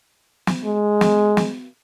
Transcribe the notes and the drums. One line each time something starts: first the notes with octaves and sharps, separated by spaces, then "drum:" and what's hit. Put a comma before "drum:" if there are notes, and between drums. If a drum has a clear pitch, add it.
drum: snare
G#3
drum: snare
drum: snare